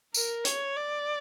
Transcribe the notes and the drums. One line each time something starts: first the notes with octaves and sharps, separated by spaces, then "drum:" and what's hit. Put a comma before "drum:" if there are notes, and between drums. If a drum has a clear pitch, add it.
A#4, drum: tambourine
C#5, drum: hi-hat
D5